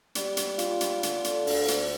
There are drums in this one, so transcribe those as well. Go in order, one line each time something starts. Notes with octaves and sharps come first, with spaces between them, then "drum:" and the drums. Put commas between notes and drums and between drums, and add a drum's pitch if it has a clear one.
G3, drum: hi-hat
drum: hi-hat
F4, drum: hi-hat
drum: hi-hat
D3, drum: hi-hat
drum: hi-hat
D2, drum: open hi-hat
drum: hi-hat